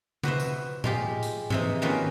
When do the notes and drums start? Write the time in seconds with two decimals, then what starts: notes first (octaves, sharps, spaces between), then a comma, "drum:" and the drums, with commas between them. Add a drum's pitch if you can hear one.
0.23 F#4 B4 C5 E5, drum: tom C#3
0.40 drum: tambourine
0.84 G#3 F4 G4, drum: tom A2
1.23 drum: hi-hat
1.50 C3 E3 D#4, drum: tom G#2
1.82 D#3 A#3 C#4 F4 B4